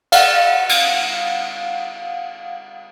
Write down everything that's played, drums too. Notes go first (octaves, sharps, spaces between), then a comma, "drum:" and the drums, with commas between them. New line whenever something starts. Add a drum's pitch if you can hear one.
F5 F#5, drum: cymbal
drum: cymbal